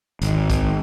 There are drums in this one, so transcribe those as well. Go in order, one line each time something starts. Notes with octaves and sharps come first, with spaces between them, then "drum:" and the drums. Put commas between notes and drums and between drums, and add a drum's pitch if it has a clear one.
G#1, drum: hi-hat
drum: kick A#1, hi-hat